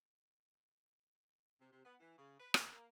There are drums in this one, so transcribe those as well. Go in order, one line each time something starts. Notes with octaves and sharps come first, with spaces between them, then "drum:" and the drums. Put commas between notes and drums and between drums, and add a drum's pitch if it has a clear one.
C3
C3
B3
E3
C#3
B4
D#2, drum: rim click
A#3